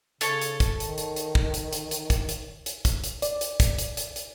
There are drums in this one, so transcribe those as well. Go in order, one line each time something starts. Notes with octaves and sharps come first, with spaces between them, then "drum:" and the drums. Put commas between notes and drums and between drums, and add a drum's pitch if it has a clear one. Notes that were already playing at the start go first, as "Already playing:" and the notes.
C#3 A4 C#5, drum: hi-hat
drum: hi-hat
drum: kick, hi-hat
D#3, drum: hi-hat
drum: hi-hat
drum: hi-hat
drum: kick
drum: hi-hat
drum: hi-hat
drum: hi-hat
drum: kick, hi-hat
drum: hi-hat
drum: hi-hat
drum: kick, hi-hat
drum: hi-hat
D5, drum: hi-hat
drum: hi-hat
drum: kick, hi-hat
drum: hi-hat
drum: hi-hat
drum: hi-hat